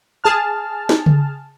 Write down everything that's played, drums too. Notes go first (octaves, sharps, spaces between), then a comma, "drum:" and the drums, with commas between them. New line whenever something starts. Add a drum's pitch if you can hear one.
G#4 A5 F6
drum: snare
drum: tom C#3